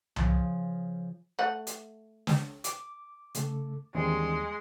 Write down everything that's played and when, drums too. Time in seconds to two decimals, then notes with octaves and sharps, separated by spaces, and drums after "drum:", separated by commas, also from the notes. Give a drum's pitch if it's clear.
0.16 C#3 F3, drum: tom C2
1.39 A3 F#5
1.67 drum: hi-hat
2.27 drum: snare
2.64 D6, drum: hi-hat
3.35 C#3 A3 A4, drum: hi-hat
3.95 D#2 E3 G3 G#3 C4 D4 C6